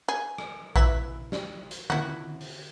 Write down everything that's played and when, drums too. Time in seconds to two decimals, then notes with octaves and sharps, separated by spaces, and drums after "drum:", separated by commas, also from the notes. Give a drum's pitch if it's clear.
0.09 G#4
0.38 drum: rim click
0.76 E3 B4 E5, drum: kick A#1
1.32 drum: snare
1.71 drum: hi-hat
1.90 E4 F#4, drum: tom D3
2.41 drum: open hi-hat